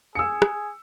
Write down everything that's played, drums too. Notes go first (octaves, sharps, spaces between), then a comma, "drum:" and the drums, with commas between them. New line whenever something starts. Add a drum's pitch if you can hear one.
G#4 E6 C#7
drum: rim click